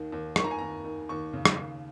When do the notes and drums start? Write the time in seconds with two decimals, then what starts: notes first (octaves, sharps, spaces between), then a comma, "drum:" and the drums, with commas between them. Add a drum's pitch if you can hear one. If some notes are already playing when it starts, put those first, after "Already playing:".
Already playing: D#2 D#3
0.12 D#2
0.36 D#3 C#6, drum: rim click
0.44 A#5
0.51 G#5
0.58 D#2 A#5
0.84 D#3
1.09 D#2 C#6
1.33 C#3
1.45 drum: rim click
1.57 D#2